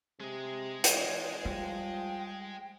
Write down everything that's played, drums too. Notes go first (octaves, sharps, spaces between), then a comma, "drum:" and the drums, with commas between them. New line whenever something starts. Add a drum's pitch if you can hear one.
C3 G#3 G#4
E3 C#5, drum: hi-hat
F3 G3 G5